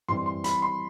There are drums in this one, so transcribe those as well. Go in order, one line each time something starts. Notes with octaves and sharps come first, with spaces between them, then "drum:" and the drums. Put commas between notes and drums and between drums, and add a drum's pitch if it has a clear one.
E3 G3 C4 C6, drum: tom F#2
C6
B5, drum: hi-hat
C6